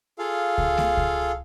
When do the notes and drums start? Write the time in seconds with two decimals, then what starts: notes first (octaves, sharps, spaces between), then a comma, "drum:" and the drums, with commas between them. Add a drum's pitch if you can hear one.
0.19 F4 G#4 A4 F5
0.58 drum: kick C#2
0.78 drum: snare A3
0.97 drum: kick C#2